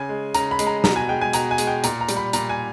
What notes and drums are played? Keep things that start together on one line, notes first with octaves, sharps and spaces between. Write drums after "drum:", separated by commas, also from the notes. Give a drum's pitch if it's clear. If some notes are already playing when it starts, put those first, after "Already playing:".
Already playing: C#3 G#5
G#3
C#3 A#5, drum: hi-hat
B5
G#3, drum: hi-hat
A#5
B2 A#5, drum: snare
G#5
G#3 G5
G#5
B2 A#5, drum: hi-hat
G#5
G#3, drum: hi-hat
G5
A#2 A#5, drum: hi-hat
A#5
G3, drum: hi-hat
B5
A#2 A#5, drum: hi-hat
G#5